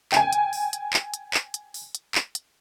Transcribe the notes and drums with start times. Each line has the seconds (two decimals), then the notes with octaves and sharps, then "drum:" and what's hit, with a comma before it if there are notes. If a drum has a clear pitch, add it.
0.12 G5 G#5, drum: clap
0.33 drum: hi-hat
0.53 drum: open hi-hat
0.73 drum: hi-hat
0.93 drum: clap
1.14 drum: hi-hat
1.34 drum: clap
1.54 drum: hi-hat
1.74 drum: open hi-hat
1.95 drum: hi-hat
2.15 drum: clap
2.35 drum: hi-hat